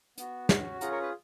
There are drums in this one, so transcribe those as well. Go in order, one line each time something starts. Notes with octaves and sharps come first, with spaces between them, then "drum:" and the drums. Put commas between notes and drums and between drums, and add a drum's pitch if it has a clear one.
B3 F#4, drum: hi-hat
C#4 F#4, drum: snare
C#4 F4 G#4 F#5 A#5, drum: hi-hat
A#4 C#5
B4